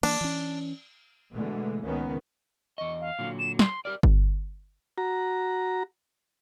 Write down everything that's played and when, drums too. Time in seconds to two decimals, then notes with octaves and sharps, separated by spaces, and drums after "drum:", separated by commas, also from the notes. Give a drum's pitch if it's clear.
0.03 E3 A#3 D4, drum: cymbal
0.21 E3 C#4
1.32 B2 D3 E3 G#3 A3
1.83 C#2 A#2 D#3 B3 C#4
2.78 E2 D#5 C#6
3.01 F5
3.19 A#2 D3 F#3
3.39 E7
3.59 C6, drum: snare
3.85 G4 A#4 D5 F6
4.03 drum: kick G1
4.98 F#4 A#5